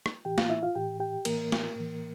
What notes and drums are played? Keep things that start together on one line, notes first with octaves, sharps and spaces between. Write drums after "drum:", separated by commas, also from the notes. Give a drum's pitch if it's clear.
drum: rim click
A2 E3 G4 G5
F4 F5, drum: snare
E4 E5
F4 F5
A2 E3 G4 G5
G4 G5
A2 E3 A#3 A#4, drum: cymbal
drum: snare
A2 E3